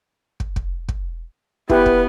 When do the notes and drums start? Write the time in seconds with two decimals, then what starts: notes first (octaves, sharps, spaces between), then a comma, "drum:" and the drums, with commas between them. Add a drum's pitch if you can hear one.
0.40 drum: kick
0.56 drum: kick
0.88 drum: kick
1.70 B3 E4 G4 B4, drum: kick
1.86 drum: kick